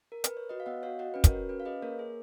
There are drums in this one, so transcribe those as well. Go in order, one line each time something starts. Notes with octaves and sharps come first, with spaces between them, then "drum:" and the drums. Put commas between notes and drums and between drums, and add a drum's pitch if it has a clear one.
A#4
B4, drum: hi-hat
C#5
F#4 B4 D#5
F5
B3 D#5 F#5
F#4 C#5 F5
F#4 D#5 F#5
C#4 B4
A#4 C#5, drum: kick, hi-hat
F#4
C#4 B4
F5
G#4 B4 D#5
A#3 A#4 C#5
G#4